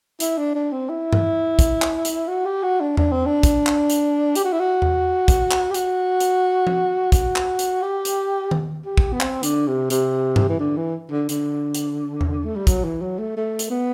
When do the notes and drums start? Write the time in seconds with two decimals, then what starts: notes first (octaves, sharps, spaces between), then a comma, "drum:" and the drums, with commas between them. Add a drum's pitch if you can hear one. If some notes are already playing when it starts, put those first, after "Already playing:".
0.20 E4, drum: hi-hat
0.38 D4
0.55 D4
0.72 C4
0.89 E4
1.13 drum: tom G2
1.59 drum: kick, hi-hat
1.82 drum: clap
2.05 drum: hi-hat
2.27 F#4
2.45 G4
2.63 F#4
2.80 D4
2.97 D4, drum: tom E2
3.12 C4
3.26 D4
3.43 drum: kick, hi-hat
3.67 drum: clap
3.90 drum: hi-hat
4.35 G4, drum: hi-hat
4.44 F#4
4.52 E4
4.60 F#4
4.82 drum: tom E2
5.28 drum: kick, hi-hat
5.51 drum: clap
5.70 G4
5.74 F#4, drum: hi-hat
6.20 drum: hi-hat
6.67 drum: tom F3
7.12 F#4, drum: kick, hi-hat
7.36 drum: clap
7.59 drum: hi-hat
7.82 G4
8.05 drum: hi-hat
8.51 drum: tom D#3
8.85 G4
8.97 drum: kick
9.12 B3
9.20 C4, drum: clap
9.43 D3, drum: hi-hat
9.67 C3
9.90 C3, drum: hi-hat
10.36 drum: tom G2
10.49 E3
10.59 D3
10.77 E3
11.10 D3
11.29 D3, drum: hi-hat
11.75 drum: hi-hat
12.21 drum: tom E2
12.45 A3
12.55 G3
12.67 F#3, drum: kick, hi-hat
12.84 E3
13.02 F#3
13.18 A3
13.37 A3
13.59 drum: hi-hat
13.70 B3